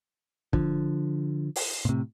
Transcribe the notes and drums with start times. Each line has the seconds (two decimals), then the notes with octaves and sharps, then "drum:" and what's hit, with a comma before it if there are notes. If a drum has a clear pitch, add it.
0.53 D3 F3, drum: kick
1.56 drum: open hi-hat
1.85 A#2
1.89 A2 C3